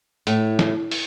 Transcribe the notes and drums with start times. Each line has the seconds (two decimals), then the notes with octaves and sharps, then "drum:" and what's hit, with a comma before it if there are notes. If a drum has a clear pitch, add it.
0.27 A2, drum: hi-hat
0.59 drum: snare
0.91 drum: open hi-hat